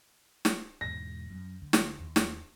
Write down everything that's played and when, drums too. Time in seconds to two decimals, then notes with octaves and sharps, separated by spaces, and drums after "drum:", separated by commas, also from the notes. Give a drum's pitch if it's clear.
0.45 drum: snare
0.81 E2 G#2 B2 A#6
1.30 F#2
1.62 D2
1.73 drum: snare
2.00 D#2
2.16 drum: snare